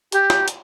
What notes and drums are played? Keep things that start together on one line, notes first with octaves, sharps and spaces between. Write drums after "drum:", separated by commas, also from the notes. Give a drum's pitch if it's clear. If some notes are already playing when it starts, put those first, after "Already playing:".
G4, drum: hi-hat
drum: snare
drum: hi-hat